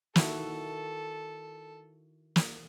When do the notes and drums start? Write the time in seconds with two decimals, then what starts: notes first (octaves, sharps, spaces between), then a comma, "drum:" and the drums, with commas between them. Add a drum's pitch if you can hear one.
0.16 D#3 E4 F#4 A4, drum: snare
2.36 drum: snare